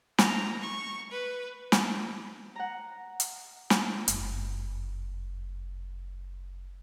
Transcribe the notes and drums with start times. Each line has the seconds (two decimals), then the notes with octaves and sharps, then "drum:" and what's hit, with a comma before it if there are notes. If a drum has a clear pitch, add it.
0.18 A#5, drum: snare
0.61 C#6
1.12 B4
1.72 drum: snare
2.56 F#5 A#5
3.20 drum: hi-hat
3.70 drum: snare
4.08 F#1 F2, drum: hi-hat